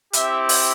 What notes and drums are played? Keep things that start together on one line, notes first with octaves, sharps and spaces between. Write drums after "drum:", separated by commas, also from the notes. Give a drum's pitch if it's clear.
C4 E4 G4 E5, drum: hi-hat
drum: open hi-hat